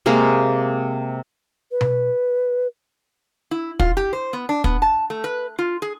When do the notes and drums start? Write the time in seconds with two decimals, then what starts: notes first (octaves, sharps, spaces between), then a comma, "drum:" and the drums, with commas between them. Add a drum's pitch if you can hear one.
0.06 C3 G#3 A#3 A#4
1.71 B4
1.81 drum: tom B2
3.51 E4
3.79 F4, drum: kick
3.97 G4
4.13 C5
4.33 B3
4.49 D4
4.64 B3, drum: kick
4.82 A5
5.10 A3
5.24 B4
5.59 F4
5.82 G#4